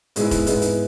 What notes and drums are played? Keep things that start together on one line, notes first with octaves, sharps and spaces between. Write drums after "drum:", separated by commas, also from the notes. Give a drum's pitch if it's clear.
G#2 G#3 B3 E4, drum: hi-hat
drum: kick E1, hi-hat
G#2 G#3 B3 E4, drum: hi-hat
drum: hi-hat